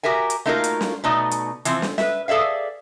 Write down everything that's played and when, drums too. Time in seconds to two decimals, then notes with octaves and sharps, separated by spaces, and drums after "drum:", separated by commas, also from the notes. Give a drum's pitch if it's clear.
0.03 F#4 G4 A#4 E5 G#5
0.30 drum: hi-hat
0.45 A3 A#3 D#4 F4 F#4 A#4
0.64 drum: hi-hat
0.81 drum: snare
1.04 B2 A3 D#4 D5
1.31 drum: hi-hat
1.65 E3 F3 C4, drum: hi-hat
1.82 drum: snare
1.98 B4 E5, drum: snare
2.28 G#4 A4 D5 E5 F5